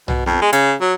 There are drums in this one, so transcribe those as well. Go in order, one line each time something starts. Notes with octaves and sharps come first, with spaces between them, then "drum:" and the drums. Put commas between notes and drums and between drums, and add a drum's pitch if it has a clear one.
B2, drum: tom B1
F2, drum: snare B3
G#3
C#3, drum: hi-hat
F#3